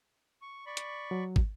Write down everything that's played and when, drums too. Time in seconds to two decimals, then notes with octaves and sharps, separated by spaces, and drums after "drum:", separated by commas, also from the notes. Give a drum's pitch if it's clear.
0.42 C#6
0.66 D5 B5 C#6
0.77 drum: hi-hat
1.11 F#3
1.36 drum: kick